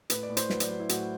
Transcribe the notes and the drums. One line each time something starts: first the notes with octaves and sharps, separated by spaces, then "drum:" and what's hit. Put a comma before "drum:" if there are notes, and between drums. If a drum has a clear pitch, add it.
A2 B4, drum: hi-hat
D5
A2
C5, drum: hi-hat
F#3 B4, drum: snare
D5, drum: hi-hat
F#3 B4
E4
A2 F#4, drum: hi-hat